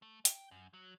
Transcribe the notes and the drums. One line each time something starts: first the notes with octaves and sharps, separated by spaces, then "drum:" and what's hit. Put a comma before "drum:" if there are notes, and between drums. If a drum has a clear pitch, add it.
A3
G5, drum: hi-hat
F#2
F#3